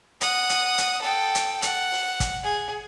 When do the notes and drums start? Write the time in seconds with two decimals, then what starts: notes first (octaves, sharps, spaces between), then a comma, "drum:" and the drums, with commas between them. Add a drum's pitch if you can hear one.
0.21 F#5 D#6, drum: hi-hat
0.49 drum: hi-hat
0.78 drum: hi-hat
1.01 A4 G5
1.35 drum: hi-hat
1.62 F#5, drum: hi-hat
1.92 drum: open hi-hat
2.20 drum: kick, hi-hat
2.43 G#4